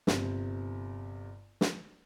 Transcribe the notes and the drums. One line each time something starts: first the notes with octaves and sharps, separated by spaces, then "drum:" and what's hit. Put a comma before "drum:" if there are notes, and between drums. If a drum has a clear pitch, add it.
G1 C3, drum: snare
drum: snare